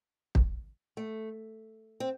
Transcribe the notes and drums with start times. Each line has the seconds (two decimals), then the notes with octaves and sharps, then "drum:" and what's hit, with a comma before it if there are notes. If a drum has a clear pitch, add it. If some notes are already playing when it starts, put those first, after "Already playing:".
0.35 drum: kick
0.97 A3
2.00 C4